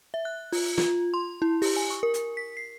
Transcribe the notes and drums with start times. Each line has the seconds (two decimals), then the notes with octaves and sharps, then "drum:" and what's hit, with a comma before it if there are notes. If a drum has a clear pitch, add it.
0.14 E5
0.25 F#6
0.53 F4, drum: open hi-hat
0.78 F4, drum: snare
1.14 C6
1.42 E4
1.62 G4, drum: open hi-hat
1.76 G#5
1.90 C#6
2.03 A#4
2.14 drum: hi-hat
2.37 B6
2.57 C7